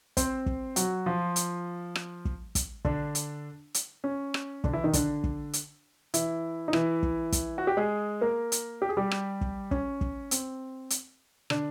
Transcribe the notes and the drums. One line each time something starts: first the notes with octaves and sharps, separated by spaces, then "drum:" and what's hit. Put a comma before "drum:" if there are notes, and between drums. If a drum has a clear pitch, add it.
C4 C5, drum: kick, hi-hat
drum: kick
F#3 F#4, drum: hi-hat
F3 F4
drum: hi-hat
drum: rim click
drum: kick
drum: kick, hi-hat
D3 D4, drum: kick
drum: hi-hat
drum: hi-hat
C#4
drum: rim click
D3 D4, drum: kick
E3 E4
D#3 D#4
D3 D4, drum: kick, hi-hat
drum: kick
drum: hi-hat
E3 E4, drum: hi-hat
D#4
E3 E4, drum: rim click
drum: kick
drum: kick, hi-hat
F#4
G4
G#3 G#4
A#3 A#4
drum: hi-hat
G4
G#4
G3 G4
drum: rim click
drum: kick
C#4, drum: kick
drum: kick
C4, drum: hi-hat
drum: hi-hat
D3 D4, drum: rim click